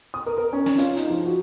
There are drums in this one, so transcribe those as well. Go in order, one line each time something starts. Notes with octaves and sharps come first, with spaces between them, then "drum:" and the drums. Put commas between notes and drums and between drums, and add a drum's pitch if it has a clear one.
D#6
A#4
A#4
C#4
C#4, drum: snare
F4, drum: hi-hat
D#4, drum: hi-hat
F3
F#4